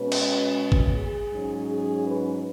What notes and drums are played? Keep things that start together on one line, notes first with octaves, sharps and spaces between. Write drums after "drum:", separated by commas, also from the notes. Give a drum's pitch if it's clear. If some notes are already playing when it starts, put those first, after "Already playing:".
Already playing: B2 G#3 C#4 B4
drum: cymbal
drum: kick
G#4
G#2 F#3 C#4
G#4
B4